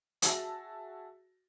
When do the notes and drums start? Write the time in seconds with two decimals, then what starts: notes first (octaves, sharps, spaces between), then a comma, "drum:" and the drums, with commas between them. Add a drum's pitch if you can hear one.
0.22 F#4 G#4 E5 A5 E6 A#6, drum: hi-hat